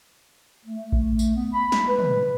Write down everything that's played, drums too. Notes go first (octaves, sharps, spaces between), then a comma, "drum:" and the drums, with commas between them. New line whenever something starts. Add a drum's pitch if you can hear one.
A3
drum: kick A#1
drum: tambourine
B3
B5
drum: snare
B4
drum: tom